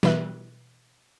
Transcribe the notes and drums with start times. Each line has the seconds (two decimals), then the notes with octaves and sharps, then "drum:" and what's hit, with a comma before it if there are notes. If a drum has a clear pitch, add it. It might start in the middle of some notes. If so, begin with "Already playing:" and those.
0.03 B2 E3 B4 E5 F#6, drum: snare